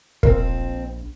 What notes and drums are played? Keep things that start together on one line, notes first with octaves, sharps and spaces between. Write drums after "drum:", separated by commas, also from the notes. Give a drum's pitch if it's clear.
A#1 F2 C4 A#4, drum: kick